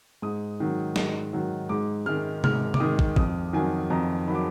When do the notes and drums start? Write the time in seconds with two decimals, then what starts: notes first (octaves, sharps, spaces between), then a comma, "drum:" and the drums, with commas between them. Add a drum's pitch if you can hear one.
0.22 G#2 D#6
0.60 D#3 F#3
0.96 G#2, drum: snare
1.33 D#3 F#3
1.69 G#2 D6
2.06 D#3 G#3 F6
2.44 G#2 F6, drum: tom C3
2.74 D6, drum: tom C3
2.80 D#3 G#3 D#6
2.99 drum: kick
3.16 F2 D#6, drum: kick
3.53 D#3 F#3 G#5
3.90 F2 A#5
4.27 D#3 F#3 B5
4.35 D6